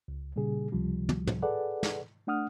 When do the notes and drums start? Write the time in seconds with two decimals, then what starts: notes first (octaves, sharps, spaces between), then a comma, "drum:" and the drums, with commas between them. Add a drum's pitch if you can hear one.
0.08 C#2
0.36 A#2 C#3 G3 G#4
0.72 C#2 C3 F3 G3
1.09 drum: tom
1.27 drum: tom
1.43 G#4 A4 B4 D5 F#5
1.83 drum: snare
2.27 A3 D4 F#5 D#6 F6